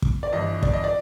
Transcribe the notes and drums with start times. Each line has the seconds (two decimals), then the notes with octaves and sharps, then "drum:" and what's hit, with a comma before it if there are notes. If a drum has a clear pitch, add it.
0.02 drum: kick
0.23 D5
0.32 G1 G2 E3 D#5
0.63 D5, drum: kick
0.74 D#5
0.84 D5